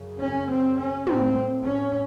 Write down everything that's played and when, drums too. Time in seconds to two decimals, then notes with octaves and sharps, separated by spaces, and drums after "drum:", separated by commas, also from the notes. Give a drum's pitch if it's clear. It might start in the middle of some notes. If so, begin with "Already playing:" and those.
Already playing: F#2 C#3
0.19 C#4
0.49 C4
0.78 C#4
1.07 A2 C4, drum: tom
1.66 C#4